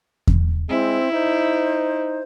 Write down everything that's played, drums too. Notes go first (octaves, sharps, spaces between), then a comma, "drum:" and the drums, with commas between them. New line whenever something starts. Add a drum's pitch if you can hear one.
drum: kick E2
G#3 C4 E4
D#4 C5